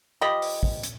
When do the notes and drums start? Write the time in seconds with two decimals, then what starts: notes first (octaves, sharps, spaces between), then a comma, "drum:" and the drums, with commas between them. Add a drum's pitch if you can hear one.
0.21 F3 G4 D#5 B5
0.42 drum: open hi-hat
0.63 drum: kick
0.83 drum: hi-hat